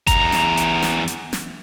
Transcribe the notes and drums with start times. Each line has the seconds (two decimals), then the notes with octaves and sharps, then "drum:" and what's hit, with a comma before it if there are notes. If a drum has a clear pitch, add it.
0.07 E2 A#5, drum: kick G1, hi-hat
0.32 drum: snare
0.57 drum: hi-hat
0.82 drum: snare
1.08 drum: hi-hat
1.33 drum: snare